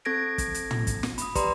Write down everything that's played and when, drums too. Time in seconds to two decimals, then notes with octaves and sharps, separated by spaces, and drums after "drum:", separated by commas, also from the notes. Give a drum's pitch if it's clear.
0.05 C4 A4 G#6 A#6 D7
0.38 drum: kick, hi-hat
0.54 drum: hi-hat
0.71 drum: tom
0.87 drum: kick, hi-hat
1.03 drum: snare
1.18 B5 D#6, drum: hi-hat
1.35 G4 B4 D5 A#5 C6, drum: kick, hi-hat